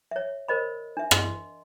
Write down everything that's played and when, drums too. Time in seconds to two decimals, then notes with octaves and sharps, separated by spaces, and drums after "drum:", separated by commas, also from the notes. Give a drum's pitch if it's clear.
0.11 C#5 E5
0.48 A#4 C5 D#5 B5
0.97 D4 E5
1.11 D#5 C6, drum: rim click